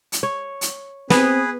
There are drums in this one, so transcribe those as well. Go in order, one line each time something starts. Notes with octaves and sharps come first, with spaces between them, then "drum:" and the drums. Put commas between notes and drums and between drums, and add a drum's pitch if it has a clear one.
drum: hi-hat
C#5
drum: hi-hat
B3 C4 G#4 B4, drum: snare